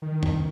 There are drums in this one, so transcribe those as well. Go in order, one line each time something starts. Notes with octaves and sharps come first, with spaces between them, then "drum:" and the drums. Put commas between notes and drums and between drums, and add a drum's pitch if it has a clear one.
D#3
drum: tom